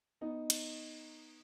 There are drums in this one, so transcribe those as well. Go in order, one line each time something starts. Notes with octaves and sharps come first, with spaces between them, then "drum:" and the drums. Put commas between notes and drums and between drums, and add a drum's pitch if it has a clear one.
B3 D#4
drum: cymbal